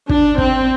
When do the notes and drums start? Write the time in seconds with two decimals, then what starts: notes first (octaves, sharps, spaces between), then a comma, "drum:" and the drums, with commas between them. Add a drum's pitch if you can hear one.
0.09 D4, drum: kick
0.38 C4, drum: kick